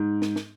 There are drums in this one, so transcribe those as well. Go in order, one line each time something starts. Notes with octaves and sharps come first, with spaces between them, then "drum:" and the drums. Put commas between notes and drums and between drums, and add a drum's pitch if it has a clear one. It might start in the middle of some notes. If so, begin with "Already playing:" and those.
Already playing: G#2
drum: snare
drum: snare